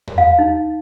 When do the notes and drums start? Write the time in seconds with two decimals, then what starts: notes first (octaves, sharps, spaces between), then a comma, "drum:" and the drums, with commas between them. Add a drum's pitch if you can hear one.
0.07 drum: tom E2
0.18 F5
0.39 D#4